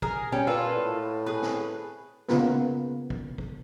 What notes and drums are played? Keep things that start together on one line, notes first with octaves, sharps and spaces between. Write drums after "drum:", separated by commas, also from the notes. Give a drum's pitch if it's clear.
G#4 A#4, drum: kick
G3 C#4 G4
A#2 F4 A4 B4
A2
G#4 B4
drum: snare
C#3 A#3 B3 F4 A#4 B4, drum: snare
drum: kick
drum: kick